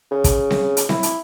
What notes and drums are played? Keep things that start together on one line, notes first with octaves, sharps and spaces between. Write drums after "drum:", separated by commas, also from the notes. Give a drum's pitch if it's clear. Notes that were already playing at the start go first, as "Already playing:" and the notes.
C#3
drum: kick, hi-hat
drum: snare C4
drum: hi-hat
E4, drum: snare C4
drum: hi-hat